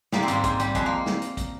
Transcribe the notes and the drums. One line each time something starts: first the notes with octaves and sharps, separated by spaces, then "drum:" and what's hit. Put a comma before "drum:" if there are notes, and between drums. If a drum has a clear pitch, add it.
G3 A#3, drum: snare
C4
G#2, drum: hi-hat
A#3
G#2, drum: kick, hi-hat
G3, drum: hi-hat
F2 G#3, drum: kick, hi-hat
A#3
drum: snare
drum: hi-hat
drum: kick, hi-hat